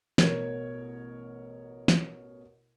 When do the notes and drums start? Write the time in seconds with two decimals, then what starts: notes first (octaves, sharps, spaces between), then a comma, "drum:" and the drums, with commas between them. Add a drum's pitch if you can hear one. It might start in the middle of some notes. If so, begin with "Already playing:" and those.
0.18 A1 B2 A#4 C#5 G#6, drum: snare
1.88 drum: snare